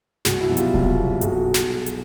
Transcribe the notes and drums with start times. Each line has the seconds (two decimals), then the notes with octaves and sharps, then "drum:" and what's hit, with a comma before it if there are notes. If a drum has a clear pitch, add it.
0.25 C2 F#4 G#4, drum: snare
0.41 E4 F#4
0.49 B2 F#3
0.57 F4 G4, drum: hi-hat
0.74 C2, drum: kick D#1
0.97 B2 F#3
1.21 B1 F#4 G#4, drum: hi-hat
1.54 drum: snare
1.86 drum: hi-hat